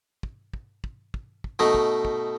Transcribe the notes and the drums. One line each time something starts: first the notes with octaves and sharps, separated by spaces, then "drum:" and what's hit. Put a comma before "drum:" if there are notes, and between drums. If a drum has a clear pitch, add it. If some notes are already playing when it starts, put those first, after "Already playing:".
drum: kick
drum: kick
drum: kick
drum: kick
drum: kick
B2 A3 D#4
drum: kick
drum: kick